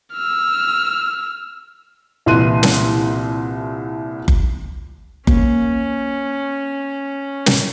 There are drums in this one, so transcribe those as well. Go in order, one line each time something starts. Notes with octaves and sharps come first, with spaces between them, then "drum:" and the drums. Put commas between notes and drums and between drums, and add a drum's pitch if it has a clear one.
E6 F6
C2 A#2 E3 C6 F#6 D#7
drum: snare
drum: kick F#1
A#3 C#4, drum: kick F#1
drum: snare